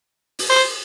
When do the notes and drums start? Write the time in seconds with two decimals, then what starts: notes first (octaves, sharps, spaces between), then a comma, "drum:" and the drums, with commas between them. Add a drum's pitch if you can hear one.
0.39 drum: open hi-hat
0.49 C5